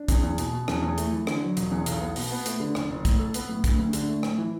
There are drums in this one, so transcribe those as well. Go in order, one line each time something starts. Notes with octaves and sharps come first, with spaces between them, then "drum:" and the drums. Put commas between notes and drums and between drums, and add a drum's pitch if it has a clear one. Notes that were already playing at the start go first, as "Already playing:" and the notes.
Already playing: D4
E2, drum: kick, hi-hat
E2
B2, drum: hi-hat
B2
E2, drum: rim click
E2
A3, drum: hi-hat
E3
D3, drum: rim click
F#3
E1, drum: hi-hat
E2
B1, drum: hi-hat
B3
B2, drum: open hi-hat
B3
A3, drum: hi-hat
D3
F#1, drum: rim click
F#1
A2, drum: kick, hi-hat
A4
B3, drum: hi-hat
A2
D2, drum: kick, hi-hat
D2
D3, drum: hi-hat
A3
A2, drum: rim click
E3